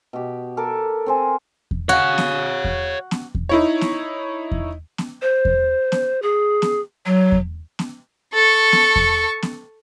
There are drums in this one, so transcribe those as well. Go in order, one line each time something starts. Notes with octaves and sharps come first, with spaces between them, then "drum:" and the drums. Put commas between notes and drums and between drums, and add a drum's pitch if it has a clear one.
B2 G4
A4 A#4 A5 D6
C4 C5 G#5
drum: kick E2
F#4 C#5 F5
drum: snare B3
drum: kick E2
drum: snare B3
drum: kick E2
D#4 E4 C#5
drum: snare B3
drum: kick E2
drum: snare B3
C5
drum: kick E2
drum: snare B3
G#4
drum: snare B3
F#3
drum: kick E2
drum: snare B3
A4 C#6
drum: snare B3
drum: kick E2
drum: snare B3